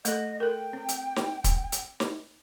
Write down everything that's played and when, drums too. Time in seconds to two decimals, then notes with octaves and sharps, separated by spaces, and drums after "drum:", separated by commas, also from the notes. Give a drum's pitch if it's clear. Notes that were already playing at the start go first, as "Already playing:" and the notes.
0.05 A3 A4 D#5, drum: hi-hat
0.40 A4 A#4 G5
0.73 C4
0.88 drum: hi-hat
1.16 drum: snare
1.44 drum: kick, hi-hat
1.72 drum: hi-hat
2.00 drum: snare